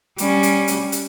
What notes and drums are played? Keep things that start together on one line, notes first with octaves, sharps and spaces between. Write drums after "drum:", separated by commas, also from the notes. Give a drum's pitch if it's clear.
G3 C#4, drum: hi-hat
drum: hi-hat
drum: hi-hat
drum: hi-hat